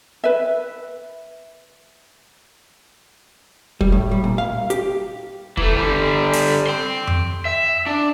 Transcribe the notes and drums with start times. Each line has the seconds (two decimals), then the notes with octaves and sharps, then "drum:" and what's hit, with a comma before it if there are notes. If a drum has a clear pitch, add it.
0.24 B4 E5
3.81 G3, drum: kick
3.92 A2
4.11 G3
4.24 A#2
4.38 F5
4.70 G4, drum: hi-hat
5.57 E3 A3, drum: kick
5.75 D3 G3
6.33 drum: open hi-hat
6.67 G5 C6
7.07 drum: tom F2
7.45 E5
7.86 D4